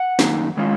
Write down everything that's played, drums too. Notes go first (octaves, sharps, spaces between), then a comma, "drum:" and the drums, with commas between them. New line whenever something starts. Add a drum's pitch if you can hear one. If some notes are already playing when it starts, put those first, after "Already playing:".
Already playing: F#5
F#2 D#3 A#3 D#4, drum: snare
D#3 G#3 C#4 F4